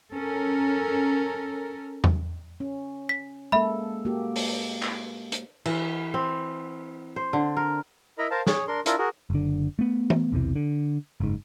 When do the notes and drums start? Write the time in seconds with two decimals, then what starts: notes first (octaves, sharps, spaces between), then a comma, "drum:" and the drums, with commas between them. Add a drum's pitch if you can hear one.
0.13 C#4 A4 A#4
2.04 drum: tom E2
2.60 C#4
3.09 B6
3.52 G#3 A#3 A4 E5 B5
4.05 A#3 F#4 G4
4.36 drum: open hi-hat
4.82 drum: clap
5.32 drum: hi-hat
5.66 E3, drum: cymbal
6.14 C4
7.16 C5
7.33 D3
7.57 A#4
8.18 E4 A#4 D#5 A#5 B5
8.31 A#4 C5 F5 A5 A#5
8.47 G#4 C#5, drum: snare
8.68 D4 A#4 C6
8.86 D4 E4 F4 A#4, drum: hi-hat
8.98 F#4 G#4 A#4
9.30 F#1 D3
9.79 A3 B3
10.10 drum: tom
10.32 B1 E2 C3 E3
10.55 D3
11.20 F#1 G#2